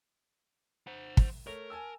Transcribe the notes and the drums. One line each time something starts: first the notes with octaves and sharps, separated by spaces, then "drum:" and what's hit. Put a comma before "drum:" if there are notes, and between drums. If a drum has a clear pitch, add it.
C5 F#5
drum: kick
A3 A#4 C#5
G#5 A5 E6